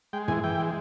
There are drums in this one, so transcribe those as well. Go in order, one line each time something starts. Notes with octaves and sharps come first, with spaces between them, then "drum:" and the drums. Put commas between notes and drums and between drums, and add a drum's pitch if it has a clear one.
G#3 G5
E3 G#5, drum: tom
E3 G5
G#3